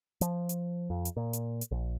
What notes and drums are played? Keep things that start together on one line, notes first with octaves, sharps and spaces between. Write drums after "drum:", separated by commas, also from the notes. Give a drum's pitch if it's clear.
F3, drum: hi-hat
drum: hi-hat
F2
drum: hi-hat
A#2
drum: hi-hat
drum: hi-hat
A#1